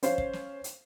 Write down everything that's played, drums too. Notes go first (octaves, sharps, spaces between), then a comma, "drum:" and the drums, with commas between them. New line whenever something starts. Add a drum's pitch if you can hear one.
C#4 C5 F5 C7, drum: hi-hat
drum: kick
drum: snare
drum: hi-hat